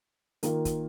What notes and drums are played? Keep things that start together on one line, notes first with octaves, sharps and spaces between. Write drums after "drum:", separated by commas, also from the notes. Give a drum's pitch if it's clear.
D#3 A#3 F4, drum: hi-hat
drum: kick, hi-hat